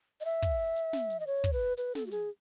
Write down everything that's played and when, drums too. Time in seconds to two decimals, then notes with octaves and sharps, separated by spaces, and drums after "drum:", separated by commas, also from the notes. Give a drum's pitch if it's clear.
0.21 D#5
0.25 E5
0.42 drum: kick, hi-hat
0.76 drum: hi-hat
0.93 drum: snare
1.10 drum: hi-hat
1.20 D#5
1.27 C#5
1.44 drum: kick, hi-hat
1.53 B4
1.77 B4, drum: hi-hat
1.95 A4, drum: snare
2.06 F#4
2.11 G#4, drum: hi-hat